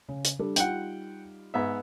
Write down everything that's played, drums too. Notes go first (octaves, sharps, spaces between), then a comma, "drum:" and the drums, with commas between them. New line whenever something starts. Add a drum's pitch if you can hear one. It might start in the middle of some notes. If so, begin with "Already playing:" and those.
C#3
drum: hi-hat
G3 D4 A4
G3 D#4 F4 F#5 G5, drum: hi-hat
G#2 B3 E5